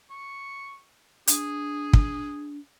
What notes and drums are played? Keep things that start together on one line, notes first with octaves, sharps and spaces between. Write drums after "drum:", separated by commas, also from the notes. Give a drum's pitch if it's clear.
C#6
D4 G#4, drum: hi-hat
drum: kick